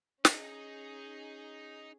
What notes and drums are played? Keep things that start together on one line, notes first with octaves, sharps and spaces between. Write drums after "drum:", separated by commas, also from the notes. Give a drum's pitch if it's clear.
C#4 D#4 G#4 D#5, drum: snare